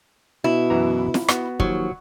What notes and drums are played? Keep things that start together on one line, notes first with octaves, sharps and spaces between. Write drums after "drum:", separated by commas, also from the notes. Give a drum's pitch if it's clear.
B2 E4
F#2 E3 A#5
drum: snare
B3 F#4, drum: rim click
D#2 F3 F#3, drum: kick